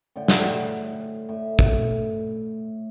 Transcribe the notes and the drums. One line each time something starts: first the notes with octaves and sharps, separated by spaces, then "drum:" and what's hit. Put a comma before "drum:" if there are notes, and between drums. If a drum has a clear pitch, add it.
A2 D3 F#5 G5
drum: snare
A2 E5
drum: kick